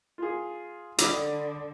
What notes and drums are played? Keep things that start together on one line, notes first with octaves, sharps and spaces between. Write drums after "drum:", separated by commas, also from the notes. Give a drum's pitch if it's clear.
F4 G#4
D3 B5 D6 D#6, drum: hi-hat